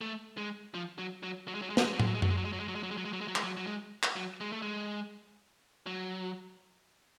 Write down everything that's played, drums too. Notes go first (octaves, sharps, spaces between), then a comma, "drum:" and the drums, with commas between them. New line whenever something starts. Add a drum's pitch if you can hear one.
A3
G#3
F3
F#3
F#3
F#3
G#3
F#3
G#3
F#3, drum: snare
G#3
F#3
G#3, drum: tom
F#3
G#3
F#3, drum: tom F#2
G#3
F#3
G#3
F#3
G#3
F#3
G#3
F#3
G#3
F#3
G#3
F#3
G#3
F#3
G#3, drum: clap
F#3
F#3
G#3
drum: clap
F#3
G#3
A3
G#3
F#3